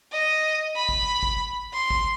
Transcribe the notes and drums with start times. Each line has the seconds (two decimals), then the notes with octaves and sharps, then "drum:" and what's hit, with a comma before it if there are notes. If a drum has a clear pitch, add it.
0.12 D#5
0.75 B5
0.89 drum: kick
1.23 drum: kick
1.73 C6
1.90 drum: kick